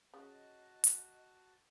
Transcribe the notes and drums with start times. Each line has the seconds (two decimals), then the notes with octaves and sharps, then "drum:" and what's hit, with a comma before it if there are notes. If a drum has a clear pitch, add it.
0.14 C#3 F#4 D#5 A5
0.84 drum: hi-hat